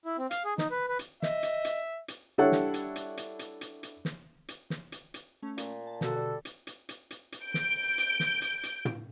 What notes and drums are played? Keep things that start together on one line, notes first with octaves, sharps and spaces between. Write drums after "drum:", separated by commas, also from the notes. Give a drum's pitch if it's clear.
E4
C4
F5, drum: hi-hat
G#4
D#4, drum: snare
B4
B4
drum: hi-hat
D#5 E5, drum: snare
drum: hi-hat
drum: hi-hat
drum: hi-hat
G3 D4 E4 A4 C#5 F#5
drum: snare
drum: hi-hat
drum: hi-hat
drum: hi-hat
drum: hi-hat
drum: hi-hat
drum: hi-hat
drum: snare
drum: hi-hat
drum: snare
drum: hi-hat
drum: hi-hat
A3 C#4
A#2, drum: hi-hat
A5
B2 D3 F#4 A4, drum: snare
G3
drum: hi-hat
drum: hi-hat
drum: hi-hat
drum: hi-hat
drum: hi-hat
G6 D7
drum: snare
drum: hi-hat
drum: snare
drum: hi-hat
drum: hi-hat
drum: tom